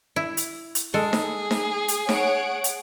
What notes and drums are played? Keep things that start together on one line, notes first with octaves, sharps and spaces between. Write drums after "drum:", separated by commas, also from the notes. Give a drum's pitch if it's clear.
E4
drum: hi-hat
drum: hi-hat
G#3 G#4 A4
drum: snare D#4
drum: snare D#4
drum: hi-hat
C#5 F#5 D7, drum: snare D#4
drum: hi-hat